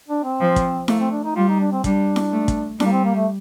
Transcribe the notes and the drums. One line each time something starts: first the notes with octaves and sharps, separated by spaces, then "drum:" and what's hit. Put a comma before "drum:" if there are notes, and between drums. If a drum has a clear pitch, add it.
D4
C4
F3
drum: kick, hi-hat
A3 A#3, drum: snare E4
C4
D4
D#4
G3 F4
D#4
D4
C4
G3 D4, drum: kick, hi-hat
drum: snare E4
A3
drum: kick, hi-hat
G3 D4, drum: snare E4
A#3
C4
A#3
A3